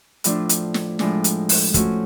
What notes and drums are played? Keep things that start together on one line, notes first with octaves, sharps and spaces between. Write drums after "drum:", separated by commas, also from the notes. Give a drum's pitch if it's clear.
A2 F3 A3 D4 F4, drum: hi-hat
drum: hi-hat
drum: snare
A2 F3 G#3 D4, drum: snare
drum: hi-hat
drum: open hi-hat
F3 A3 C#4 F#4, drum: kick, hi-hat